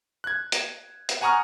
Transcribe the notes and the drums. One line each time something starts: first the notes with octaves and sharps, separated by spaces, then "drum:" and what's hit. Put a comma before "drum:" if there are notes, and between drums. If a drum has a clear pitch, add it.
F#6 G#6
drum: hi-hat
drum: hi-hat
F#5 G#5 A#5 C#6 D#6 F6